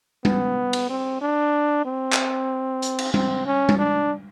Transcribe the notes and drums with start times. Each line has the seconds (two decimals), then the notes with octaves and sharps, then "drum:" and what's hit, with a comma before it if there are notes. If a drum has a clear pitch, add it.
0.25 B3, drum: tom G3
0.73 drum: cymbal
0.90 C4
1.21 D4
1.85 C4
2.13 drum: clap
2.82 drum: hi-hat
2.98 drum: cymbal
3.14 C4, drum: tom G3
3.46 C#4
3.69 drum: tom G3
3.78 D4